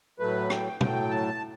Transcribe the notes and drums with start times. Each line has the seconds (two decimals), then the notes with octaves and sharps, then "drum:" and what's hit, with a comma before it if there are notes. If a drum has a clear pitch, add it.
0.19 A2 F#3 A3 B4
0.50 G5, drum: rim click
0.81 A2 F#3 A3 G5, drum: tom
1.11 A5